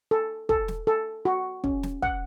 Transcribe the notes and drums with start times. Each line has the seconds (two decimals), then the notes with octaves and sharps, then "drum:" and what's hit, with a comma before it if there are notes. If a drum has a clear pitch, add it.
0.11 A4
0.49 A4, drum: kick
0.68 drum: snare
0.87 A4
1.25 F#4
1.64 C#4, drum: kick
1.83 drum: snare
2.02 F#5, drum: kick